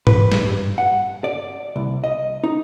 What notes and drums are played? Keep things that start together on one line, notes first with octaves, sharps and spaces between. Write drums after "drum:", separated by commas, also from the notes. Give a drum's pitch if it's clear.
B4, drum: tom G#2
drum: snare
G2
F#5
D5
C2
D#5
D#4